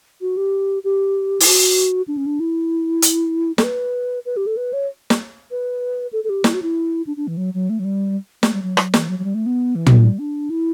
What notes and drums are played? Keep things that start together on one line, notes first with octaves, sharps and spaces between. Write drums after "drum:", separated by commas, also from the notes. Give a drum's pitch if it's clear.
F#4
G4
G4
E4, drum: open hi-hat
F#4
D4
C#4
D4
E4
drum: hi-hat
A4, drum: snare
B4
B4
G4
A4
B4
C#5
drum: snare
B4
A4
A4
G4
E4, drum: snare
F#4
E4
D4
D4
E3
F#3
F#3
A3
F#3
G3
A3, drum: snare
G3
F#3
drum: rim click
E3, drum: snare
F#3
F#3
G3
A3
B3
E3
F#3, drum: tom
G3
D4
E4